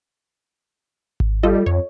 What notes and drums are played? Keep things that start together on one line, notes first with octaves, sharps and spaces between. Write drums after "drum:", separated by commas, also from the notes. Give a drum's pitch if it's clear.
drum: kick G#1
G3 F4 A4 D#5
F2 C#5